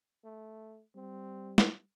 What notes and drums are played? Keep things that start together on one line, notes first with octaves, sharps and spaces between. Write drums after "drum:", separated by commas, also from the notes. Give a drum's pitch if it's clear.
A3
G3 C4
drum: snare